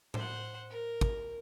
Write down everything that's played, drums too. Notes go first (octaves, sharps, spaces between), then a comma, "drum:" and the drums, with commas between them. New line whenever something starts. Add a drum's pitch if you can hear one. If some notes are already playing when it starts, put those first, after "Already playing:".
C5 F#5, drum: tom A2
A#4
drum: kick